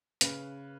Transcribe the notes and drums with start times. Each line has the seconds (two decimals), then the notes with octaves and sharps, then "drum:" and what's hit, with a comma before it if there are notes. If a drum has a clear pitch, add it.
0.21 C#3 B4, drum: hi-hat